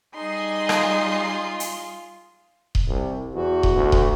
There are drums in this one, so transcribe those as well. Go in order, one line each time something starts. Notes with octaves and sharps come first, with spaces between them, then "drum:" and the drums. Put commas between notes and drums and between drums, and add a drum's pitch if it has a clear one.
G3 D#4 G#4 C6
F4, drum: rim click
drum: hi-hat
drum: kick D#1
C2
E2 F#4
drum: kick D#1
D2
drum: kick D#1